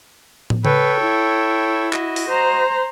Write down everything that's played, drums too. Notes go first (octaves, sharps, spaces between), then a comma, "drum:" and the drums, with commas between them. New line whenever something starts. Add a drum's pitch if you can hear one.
drum: tom
A4 B4 C#5 G5, drum: tom C#3
E4
F#4 D#5, drum: clap
drum: open hi-hat
C5 A#5